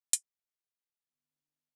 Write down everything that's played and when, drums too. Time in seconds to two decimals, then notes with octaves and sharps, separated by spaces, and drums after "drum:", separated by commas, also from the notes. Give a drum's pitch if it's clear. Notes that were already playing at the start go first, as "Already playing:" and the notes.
0.13 E5, drum: hi-hat
0.96 D3 B3